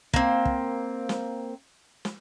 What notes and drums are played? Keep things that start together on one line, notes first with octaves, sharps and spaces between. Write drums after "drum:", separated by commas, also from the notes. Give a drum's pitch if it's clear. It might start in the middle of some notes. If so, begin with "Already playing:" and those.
A#3 C4, drum: kick
drum: kick
drum: snare
drum: snare